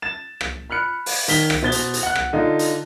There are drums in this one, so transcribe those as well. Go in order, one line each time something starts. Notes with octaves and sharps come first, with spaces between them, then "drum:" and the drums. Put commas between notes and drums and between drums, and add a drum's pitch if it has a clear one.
A6 E7
drum: rim click
B5 F6 F#6 C#7
drum: open hi-hat
D#3 B6 G7, drum: hi-hat
drum: rim click
B2 C5 A6 G7
drum: hi-hat
drum: hi-hat
F#5 F#6
drum: rim click
D3 D#4 F4
drum: hi-hat